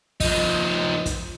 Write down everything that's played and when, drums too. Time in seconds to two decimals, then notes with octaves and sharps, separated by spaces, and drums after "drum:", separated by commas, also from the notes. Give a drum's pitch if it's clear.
0.20 F3 D#4, drum: kick, open hi-hat
1.06 drum: kick, hi-hat